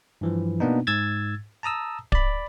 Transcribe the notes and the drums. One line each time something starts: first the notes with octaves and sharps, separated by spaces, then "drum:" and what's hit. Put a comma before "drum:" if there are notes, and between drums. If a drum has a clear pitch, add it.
G2 E3 F3
B2 A#3 B3 D4 D#4
G#2 E6 G#6 A6
A5 A#5 D#6 E6
D5 B5, drum: kick D1